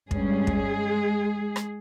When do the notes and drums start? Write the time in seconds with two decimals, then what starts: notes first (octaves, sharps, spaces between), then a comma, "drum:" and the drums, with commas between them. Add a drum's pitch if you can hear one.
0.11 G2 G3 G#3 C#4 G#4, drum: kick
0.47 drum: kick
1.56 drum: rim click